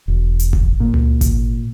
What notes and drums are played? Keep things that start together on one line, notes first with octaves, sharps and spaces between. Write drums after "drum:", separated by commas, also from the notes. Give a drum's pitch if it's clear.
E1
drum: hi-hat
drum: kick G#1
A#2
drum: tom C#2
drum: kick G#1, hi-hat